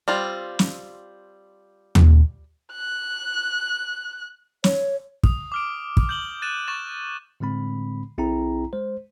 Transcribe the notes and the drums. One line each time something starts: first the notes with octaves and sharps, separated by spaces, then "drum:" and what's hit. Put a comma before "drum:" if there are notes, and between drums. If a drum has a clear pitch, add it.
G3 C4 F4
drum: snare
drum: tom D#2
F#6
C#5, drum: snare
D#6, drum: kick
D6 F6 D7
drum: kick
G6 F#7 G7
F#6 A6 D#7 E7
C#6 A6 E7
A2 D3 G#3 C4 B5
B1 C4 E4 G#4 G5 A#5
G#3 C5